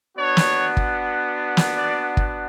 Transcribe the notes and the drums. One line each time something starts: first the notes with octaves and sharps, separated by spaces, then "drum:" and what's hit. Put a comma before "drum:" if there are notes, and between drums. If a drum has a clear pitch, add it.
B3 D4 F#4 C#5
drum: snare
drum: kick
drum: snare
D5
drum: kick